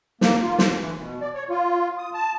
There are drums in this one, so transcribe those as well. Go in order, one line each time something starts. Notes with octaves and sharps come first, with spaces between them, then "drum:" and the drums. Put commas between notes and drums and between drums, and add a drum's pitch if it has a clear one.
A#3, drum: snare
F4
drum: snare
E3
B2
D5
C#5
F4
D#6
A5